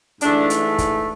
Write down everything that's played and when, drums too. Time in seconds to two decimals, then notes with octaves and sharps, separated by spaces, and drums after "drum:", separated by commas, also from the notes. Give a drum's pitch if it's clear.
0.21 G#2 E3 A3 D4, drum: hi-hat
0.50 drum: hi-hat
0.78 drum: kick, hi-hat